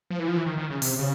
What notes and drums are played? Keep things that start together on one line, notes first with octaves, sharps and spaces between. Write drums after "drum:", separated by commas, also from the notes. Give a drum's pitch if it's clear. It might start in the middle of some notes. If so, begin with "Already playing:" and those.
F3
E3
F3
E3
D#3
D#3
C#3
C3, drum: open hi-hat
C#3